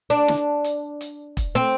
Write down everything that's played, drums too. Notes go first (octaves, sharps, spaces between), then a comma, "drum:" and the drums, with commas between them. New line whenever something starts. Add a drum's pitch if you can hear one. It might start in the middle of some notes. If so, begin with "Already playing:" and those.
D4
drum: snare
drum: hi-hat
drum: hi-hat
drum: kick E1, hi-hat
C4